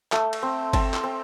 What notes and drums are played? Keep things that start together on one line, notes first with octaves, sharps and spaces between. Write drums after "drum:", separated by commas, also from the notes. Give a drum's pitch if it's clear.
A3, drum: clap
drum: cymbal
C4
C4 A5, drum: kick G1, cymbal
drum: clap
C4